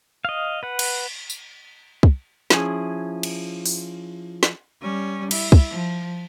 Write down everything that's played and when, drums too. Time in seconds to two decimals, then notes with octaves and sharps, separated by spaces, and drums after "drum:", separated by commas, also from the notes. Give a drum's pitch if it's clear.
0.25 D#5 F5
0.63 B4 F#5
0.79 drum: cymbal
1.30 drum: tambourine
2.03 drum: kick
2.50 F3 C#4 E4 G#4, drum: snare
3.23 drum: cymbal
3.66 drum: open hi-hat
4.43 drum: snare
4.81 G3 C#4
5.31 E4, drum: cymbal
5.52 drum: kick
5.70 F3